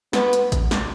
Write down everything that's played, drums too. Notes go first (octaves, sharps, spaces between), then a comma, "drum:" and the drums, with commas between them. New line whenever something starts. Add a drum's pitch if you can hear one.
B3, drum: snare
drum: hi-hat
drum: kick A1, hi-hat
drum: snare